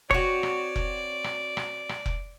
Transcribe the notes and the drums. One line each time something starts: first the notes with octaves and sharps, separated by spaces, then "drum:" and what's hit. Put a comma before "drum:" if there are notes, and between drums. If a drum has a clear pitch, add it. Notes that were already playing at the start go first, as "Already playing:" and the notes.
C4 F#4 C#5 D5, drum: kick F1
drum: rim click
drum: kick F1
drum: rim click
drum: rim click
drum: rim click
drum: kick F1